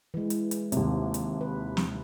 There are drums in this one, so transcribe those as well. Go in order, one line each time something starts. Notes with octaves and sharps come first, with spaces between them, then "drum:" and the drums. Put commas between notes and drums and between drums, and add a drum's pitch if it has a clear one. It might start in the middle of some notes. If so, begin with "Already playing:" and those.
E3 G#3
drum: hi-hat
drum: hi-hat
D#2 C3, drum: hi-hat
drum: hi-hat
B4
drum: snare